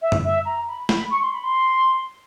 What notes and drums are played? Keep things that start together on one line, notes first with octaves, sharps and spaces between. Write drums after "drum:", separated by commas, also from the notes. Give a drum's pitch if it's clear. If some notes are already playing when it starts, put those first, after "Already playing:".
E5
drum: tom F#2
E5
A#5
B5
B5, drum: snare
C#6
C6
B5
C6